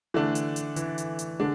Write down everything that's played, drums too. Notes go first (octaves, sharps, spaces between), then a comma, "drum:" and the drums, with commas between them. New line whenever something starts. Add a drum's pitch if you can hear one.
D3 E3 A3 D4
drum: hi-hat
drum: hi-hat
E3, drum: hi-hat
drum: hi-hat
drum: hi-hat
D3 G#3 D4